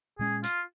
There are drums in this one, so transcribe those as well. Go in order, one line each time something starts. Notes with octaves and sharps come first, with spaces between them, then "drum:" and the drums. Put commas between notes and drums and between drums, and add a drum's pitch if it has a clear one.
A#2 G#3 C#4 G#4
F4, drum: hi-hat